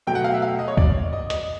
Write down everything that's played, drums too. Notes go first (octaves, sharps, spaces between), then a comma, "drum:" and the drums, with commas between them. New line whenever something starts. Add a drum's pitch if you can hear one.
B2 F#3 A3 G5
F#5
F5
E5
F5
D#5
C#5
D5, drum: kick
D#5
D#5, drum: hi-hat